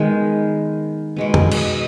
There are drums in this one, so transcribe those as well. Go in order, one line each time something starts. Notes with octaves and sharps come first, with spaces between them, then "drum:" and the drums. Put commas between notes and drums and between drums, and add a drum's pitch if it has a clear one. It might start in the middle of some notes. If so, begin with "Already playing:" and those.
Already playing: D#3 G#3 B3
B2 G#3 B3
drum: tom
drum: cymbal